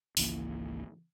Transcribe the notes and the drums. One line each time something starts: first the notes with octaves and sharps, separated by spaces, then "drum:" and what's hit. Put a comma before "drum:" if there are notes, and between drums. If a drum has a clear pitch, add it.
G#1 C#2 E3 A#3, drum: open hi-hat